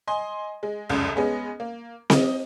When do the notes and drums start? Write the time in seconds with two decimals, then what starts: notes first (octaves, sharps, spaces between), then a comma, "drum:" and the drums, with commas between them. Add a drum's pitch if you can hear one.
0.07 D#5 G#5 C6
0.63 G#3
0.90 F1 C#2 F#2
1.16 G#3 B3 C#4
1.60 A#3
2.10 D#5, drum: snare C4